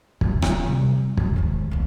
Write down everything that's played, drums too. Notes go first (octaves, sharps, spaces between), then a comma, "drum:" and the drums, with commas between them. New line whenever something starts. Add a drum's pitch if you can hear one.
A#3, drum: kick
F3, drum: rim click
C3 G3
G#1 F#2, drum: kick
D#2 G#2
B1 A#3